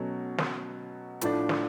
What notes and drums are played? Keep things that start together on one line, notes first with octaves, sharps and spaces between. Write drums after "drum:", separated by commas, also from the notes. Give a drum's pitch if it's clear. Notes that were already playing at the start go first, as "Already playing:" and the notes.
Already playing: B2 F#3 A3 C#4
drum: snare
A2 F3 A3 D4, drum: hi-hat
drum: snare